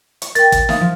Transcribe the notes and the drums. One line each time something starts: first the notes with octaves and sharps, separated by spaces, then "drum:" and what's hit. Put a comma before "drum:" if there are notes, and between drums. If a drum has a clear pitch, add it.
C#6, drum: hi-hat
A#4 G5 A6, drum: hi-hat
drum: kick, hi-hat
E5 F5 D#6, drum: snare
F3